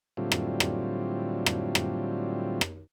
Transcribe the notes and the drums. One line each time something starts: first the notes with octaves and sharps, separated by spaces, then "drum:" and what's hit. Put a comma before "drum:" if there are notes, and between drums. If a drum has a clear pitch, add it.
A2 D3 F#3 G3 C4 F4
drum: rim click
drum: rim click
drum: rim click
drum: rim click
drum: rim click